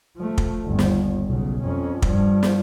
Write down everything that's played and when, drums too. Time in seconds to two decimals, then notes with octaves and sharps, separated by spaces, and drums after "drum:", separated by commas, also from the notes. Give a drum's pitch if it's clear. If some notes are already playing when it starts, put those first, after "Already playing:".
0.17 F3 A3
0.38 drum: kick
0.65 G1 D#2
0.79 drum: snare
1.26 B1 C#3
1.63 F2 C#4
2.02 G2 F3, drum: kick
2.43 drum: snare